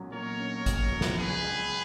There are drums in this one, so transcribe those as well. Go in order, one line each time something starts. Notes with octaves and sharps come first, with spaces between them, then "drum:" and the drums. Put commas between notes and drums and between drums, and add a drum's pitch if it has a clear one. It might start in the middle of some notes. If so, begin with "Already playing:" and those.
Already playing: B1 A#2 F#3 C#4
A#2 A#4 C#5
C#4
B1, drum: kick G#1, hi-hat
F#3
drum: snare
C#3 G#4 B4
C#2